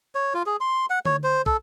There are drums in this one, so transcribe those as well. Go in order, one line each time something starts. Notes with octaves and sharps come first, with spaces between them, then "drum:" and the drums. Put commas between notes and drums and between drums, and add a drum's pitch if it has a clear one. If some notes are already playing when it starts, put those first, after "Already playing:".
C#5
F4
G#4
C6
F#5
C#5, drum: tom D3
C5
A4, drum: kick